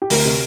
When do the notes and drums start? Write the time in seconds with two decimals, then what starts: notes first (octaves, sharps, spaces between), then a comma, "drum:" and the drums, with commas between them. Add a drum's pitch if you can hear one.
0.02 G4
0.10 D2 A#4, drum: open hi-hat
0.25 C3